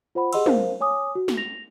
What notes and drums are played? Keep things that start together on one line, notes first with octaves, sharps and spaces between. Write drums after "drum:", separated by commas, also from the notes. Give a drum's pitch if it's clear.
F4 C5 F#5 B5
G4 G#4 D#5 F#5 C6 E6, drum: cymbal
A#4 C5 F5, drum: tom
C#5 G#5 D6 D#6
F#4
drum: snare
A#6 F7